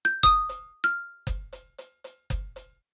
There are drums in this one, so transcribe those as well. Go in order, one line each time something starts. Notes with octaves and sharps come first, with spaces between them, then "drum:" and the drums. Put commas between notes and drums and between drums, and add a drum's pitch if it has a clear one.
G6
D#6, drum: kick F#1, hi-hat
drum: hi-hat
F6
drum: kick F#1, hi-hat
drum: hi-hat
drum: hi-hat
drum: hi-hat
drum: kick F#1, hi-hat
drum: hi-hat